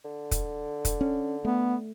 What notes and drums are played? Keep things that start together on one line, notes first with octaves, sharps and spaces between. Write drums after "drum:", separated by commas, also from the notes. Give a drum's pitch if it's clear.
D3
drum: kick, hi-hat
drum: kick, hi-hat
C#4
A3 B3